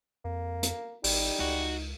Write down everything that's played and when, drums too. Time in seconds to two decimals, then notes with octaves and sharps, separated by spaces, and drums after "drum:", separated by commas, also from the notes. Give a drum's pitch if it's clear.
0.24 F2 A#3
0.63 drum: hi-hat
1.04 G#1 G3 D#4, drum: open hi-hat
1.40 C#2 F#4